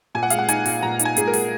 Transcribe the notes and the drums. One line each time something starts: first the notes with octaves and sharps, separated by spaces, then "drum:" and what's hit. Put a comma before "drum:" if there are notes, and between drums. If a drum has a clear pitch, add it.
A#2 G#5
F#5
G#3 F5, drum: hi-hat
F#5
D#4 G#5, drum: hi-hat
A#2, drum: open hi-hat
A#2 A#5
D#4, drum: hi-hat
G#5
A#2 G#4, drum: hi-hat
A#4
G#3, drum: open hi-hat